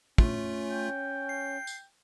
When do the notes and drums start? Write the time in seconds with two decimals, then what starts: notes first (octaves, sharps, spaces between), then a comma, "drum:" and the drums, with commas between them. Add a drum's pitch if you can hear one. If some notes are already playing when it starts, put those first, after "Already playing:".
0.18 A3 C#4 F4, drum: kick
0.71 G5
1.29 C7
1.67 drum: tambourine